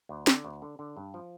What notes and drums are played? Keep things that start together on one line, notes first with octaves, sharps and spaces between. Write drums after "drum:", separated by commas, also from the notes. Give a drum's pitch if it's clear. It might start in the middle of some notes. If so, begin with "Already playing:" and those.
D2
D3, drum: snare
D2
D3
D3
G2
F3